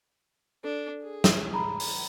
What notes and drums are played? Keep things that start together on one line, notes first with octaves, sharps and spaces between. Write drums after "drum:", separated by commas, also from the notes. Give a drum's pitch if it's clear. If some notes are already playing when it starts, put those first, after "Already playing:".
D4 A4
G#4
drum: snare
A#5 B5
drum: open hi-hat